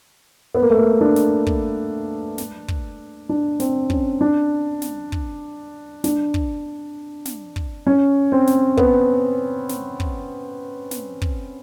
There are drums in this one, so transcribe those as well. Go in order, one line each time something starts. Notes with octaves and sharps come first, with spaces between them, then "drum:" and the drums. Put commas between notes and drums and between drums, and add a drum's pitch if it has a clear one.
B3
A#3
A3
A#3
D4
drum: snare
drum: kick
drum: snare
drum: kick
D4
C4, drum: snare
C#4, drum: kick
D4
drum: snare
drum: kick
D4, drum: snare
drum: kick
drum: snare
drum: kick
C#4
C4
drum: snare
B3, drum: kick
drum: snare
drum: kick
drum: snare
drum: kick